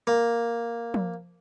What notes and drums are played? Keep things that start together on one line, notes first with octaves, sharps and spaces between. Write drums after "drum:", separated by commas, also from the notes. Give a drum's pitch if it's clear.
A#3
drum: tom F3